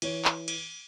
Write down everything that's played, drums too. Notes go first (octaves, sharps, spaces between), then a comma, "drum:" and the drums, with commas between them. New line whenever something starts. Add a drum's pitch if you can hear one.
E3 C#5, drum: cymbal
drum: clap
drum: cymbal